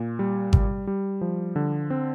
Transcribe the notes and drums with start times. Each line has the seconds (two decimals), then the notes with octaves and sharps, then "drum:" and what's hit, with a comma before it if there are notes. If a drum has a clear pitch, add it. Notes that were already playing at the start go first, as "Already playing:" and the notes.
Already playing: A#2
0.19 G3
0.53 G3, drum: kick G#1
0.87 G3
1.21 F3
1.56 D3
1.90 C4